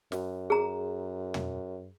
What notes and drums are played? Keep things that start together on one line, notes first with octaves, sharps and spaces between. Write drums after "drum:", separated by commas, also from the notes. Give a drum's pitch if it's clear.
F#2, drum: snare
G#4 A#5
drum: tom